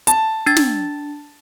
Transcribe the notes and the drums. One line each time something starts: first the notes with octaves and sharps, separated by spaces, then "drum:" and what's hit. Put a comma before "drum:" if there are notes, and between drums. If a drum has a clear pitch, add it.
A5, drum: hi-hat
D4 A6
drum: snare